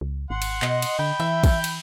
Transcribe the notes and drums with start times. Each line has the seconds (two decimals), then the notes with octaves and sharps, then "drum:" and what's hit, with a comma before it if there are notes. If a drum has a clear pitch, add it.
0.01 C#2
0.30 G#1 F#5 C6
0.42 drum: cymbal
0.62 B2 D#5, drum: clap
0.82 drum: cymbal
0.99 D3 G5 B5
1.20 E3 E5
1.44 drum: kick, cymbal
1.64 drum: cymbal